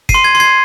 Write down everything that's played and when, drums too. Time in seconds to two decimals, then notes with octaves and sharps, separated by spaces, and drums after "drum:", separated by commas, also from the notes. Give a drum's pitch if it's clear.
0.09 C7 D#7, drum: kick
0.14 C6
0.24 G#6
0.35 C6
0.40 G#6 C7